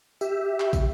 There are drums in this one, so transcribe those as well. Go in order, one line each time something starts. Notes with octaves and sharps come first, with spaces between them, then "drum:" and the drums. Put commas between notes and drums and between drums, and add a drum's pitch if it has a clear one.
G4 E5, drum: tambourine
drum: clap
drum: kick, tambourine